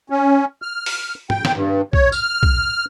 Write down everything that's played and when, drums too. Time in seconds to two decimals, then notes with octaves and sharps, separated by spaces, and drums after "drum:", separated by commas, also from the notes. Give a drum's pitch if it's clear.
0.10 C#4
0.62 F6
0.86 drum: open hi-hat
1.30 G5, drum: tom
1.45 drum: snare
1.54 G2
1.93 C#5, drum: kick
2.12 F6, drum: tambourine
2.43 drum: kick